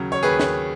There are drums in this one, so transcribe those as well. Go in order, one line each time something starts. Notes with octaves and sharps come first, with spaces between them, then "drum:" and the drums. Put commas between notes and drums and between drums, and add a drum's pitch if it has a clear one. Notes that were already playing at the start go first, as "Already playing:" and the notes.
Already playing: D#2 C#3 F#3
C#5
D#2 G#4 B4
drum: snare